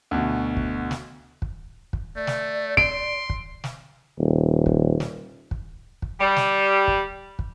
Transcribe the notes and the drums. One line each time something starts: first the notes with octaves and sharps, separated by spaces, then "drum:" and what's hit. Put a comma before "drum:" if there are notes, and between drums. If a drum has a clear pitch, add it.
D2 B2
drum: kick
drum: snare
drum: kick
drum: kick
A3 D5
drum: snare
C6 D7, drum: kick
drum: kick
drum: snare
D#1
drum: kick
drum: snare
drum: kick
drum: kick
G3
drum: snare
drum: kick
drum: kick